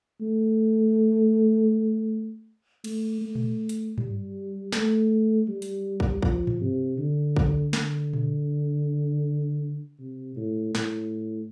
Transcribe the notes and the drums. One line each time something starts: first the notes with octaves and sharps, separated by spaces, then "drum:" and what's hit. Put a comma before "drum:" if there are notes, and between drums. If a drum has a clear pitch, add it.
A3
A3, drum: cymbal
A3
drum: tom A#2
drum: hi-hat
G3, drum: tom G2
A3, drum: snare
G3
drum: hi-hat
drum: kick
F3, drum: kick
drum: tom G2
C3
D3
drum: kick
D3, drum: snare
drum: tom A#2
C3
A2
A2, drum: snare